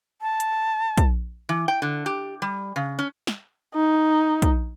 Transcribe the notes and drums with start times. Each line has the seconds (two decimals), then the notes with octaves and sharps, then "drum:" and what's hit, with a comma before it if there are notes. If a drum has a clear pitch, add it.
0.22 A5
0.40 drum: hi-hat
0.98 drum: kick, hi-hat
1.49 E3
1.68 G5
1.82 D3
2.06 G4
2.42 G3
2.76 C#3
2.99 C#4
3.27 drum: snare
3.74 D#4
4.42 drum: kick, hi-hat